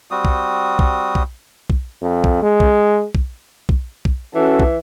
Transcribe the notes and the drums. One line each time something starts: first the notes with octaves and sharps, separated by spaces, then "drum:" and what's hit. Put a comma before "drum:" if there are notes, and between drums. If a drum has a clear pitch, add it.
G3 C4 F#4 D#6
drum: kick
drum: kick
drum: kick
drum: kick
F2
drum: kick
G#3
drum: kick
drum: kick
drum: kick
drum: kick
E3 C#4 F#4 A4
drum: kick